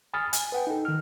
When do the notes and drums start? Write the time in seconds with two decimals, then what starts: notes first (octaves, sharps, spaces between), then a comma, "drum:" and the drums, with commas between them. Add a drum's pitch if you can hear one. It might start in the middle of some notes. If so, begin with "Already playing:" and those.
0.14 G#5 B5 D#6 F6 A6
0.33 G#5, drum: hi-hat
0.52 B4 F#5 G5
0.67 D#4 A4
0.85 D#3 F6